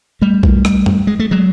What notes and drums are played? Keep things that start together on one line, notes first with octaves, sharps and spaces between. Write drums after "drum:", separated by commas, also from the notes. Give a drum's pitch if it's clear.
G3 A3
drum: kick
drum: rim click
drum: tom F#2
G#3
A3
F#3 G#3